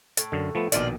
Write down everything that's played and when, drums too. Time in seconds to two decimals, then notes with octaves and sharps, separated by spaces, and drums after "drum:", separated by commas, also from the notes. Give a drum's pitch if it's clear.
0.17 A2, drum: hi-hat
0.32 F#2 D3
0.55 F3 A3 B3
0.72 A#1 B2 D#3 F3 F4 D5, drum: hi-hat